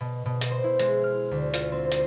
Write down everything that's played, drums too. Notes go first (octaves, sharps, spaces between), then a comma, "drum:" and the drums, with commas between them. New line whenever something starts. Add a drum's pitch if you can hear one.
B2
B2
drum: hi-hat
C5
E4
G#3, drum: hi-hat
F6
D2
F4, drum: hi-hat
C4
C7, drum: hi-hat